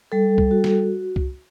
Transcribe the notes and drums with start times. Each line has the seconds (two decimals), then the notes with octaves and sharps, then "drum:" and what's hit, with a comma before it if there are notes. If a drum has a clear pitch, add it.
0.12 G3 A4
0.38 drum: kick C2
0.51 F#4
0.64 drum: snare
1.16 drum: kick C2